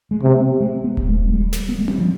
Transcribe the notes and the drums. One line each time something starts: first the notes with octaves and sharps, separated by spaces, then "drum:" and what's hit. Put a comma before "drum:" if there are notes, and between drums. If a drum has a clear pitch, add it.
G#3
C3
B3
G#3
B3
drum: kick D#1
G#3
G#3
G3
drum: snare
B3
G#3
G3, drum: tom C4
F3